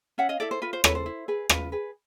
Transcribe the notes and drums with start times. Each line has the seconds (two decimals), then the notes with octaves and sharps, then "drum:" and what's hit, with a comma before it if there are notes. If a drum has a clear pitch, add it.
0.18 C#4 E5 F#5
0.29 D#5 F5
0.40 E4 A4 D5 E5
0.51 C5
0.62 F4 B4
0.73 C5
0.84 A4 B4 C#5, drum: rim click
0.95 C5
1.06 E4
1.28 G#4 B4
1.49 F4 B4, drum: rim click
1.72 G#4 B4